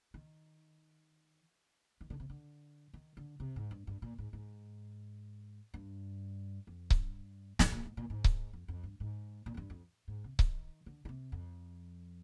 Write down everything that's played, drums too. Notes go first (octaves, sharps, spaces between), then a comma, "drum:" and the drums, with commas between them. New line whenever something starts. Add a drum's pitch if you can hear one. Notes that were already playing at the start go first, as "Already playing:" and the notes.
D#3
D#3
D3
C3
D3
D#3
D3
C3
G#2
G2
G2
A#2
G#2
G#2
G2
F2
G2, drum: kick C#1
G#2, drum: snare
A#2
G#2
A#2
G#2
drum: kick C#1
F2
F2
G2
G#2
A#2
F2
G2
F2
G#2
C3
D#3, drum: kick C#1
D3
D3
C3
F2